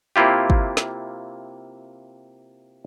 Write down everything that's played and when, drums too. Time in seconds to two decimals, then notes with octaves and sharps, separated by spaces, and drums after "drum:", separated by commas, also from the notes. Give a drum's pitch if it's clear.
0.16 C3 A#3 E4 F4 G4
0.50 drum: kick
0.77 drum: snare